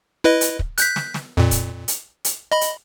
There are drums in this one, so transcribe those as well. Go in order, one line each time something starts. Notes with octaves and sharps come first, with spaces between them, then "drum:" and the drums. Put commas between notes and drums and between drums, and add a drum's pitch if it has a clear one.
E4 B4 D#5
drum: hi-hat
drum: kick
F#6 G6 B6, drum: hi-hat
drum: snare
drum: snare
F2 A#2
drum: kick, hi-hat
drum: hi-hat
drum: hi-hat
D#5 B5
drum: hi-hat